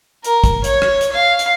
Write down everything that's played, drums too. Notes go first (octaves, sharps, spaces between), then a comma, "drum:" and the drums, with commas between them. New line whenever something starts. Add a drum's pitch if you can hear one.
A#4, drum: hi-hat
drum: kick, hi-hat
C#5, drum: hi-hat
drum: rim click
drum: hi-hat
F5
drum: hi-hat